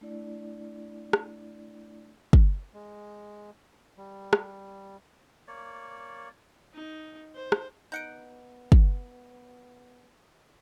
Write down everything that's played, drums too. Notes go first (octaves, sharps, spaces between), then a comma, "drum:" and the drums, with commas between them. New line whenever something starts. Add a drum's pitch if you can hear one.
A3 D4 E4 D5
drum: rim click
drum: kick
G#3
G3
drum: rim click
A#3 C#5 D5
D#4
C5
drum: rim click
B3 D#4 F#5 G6 C#7 D7
drum: kick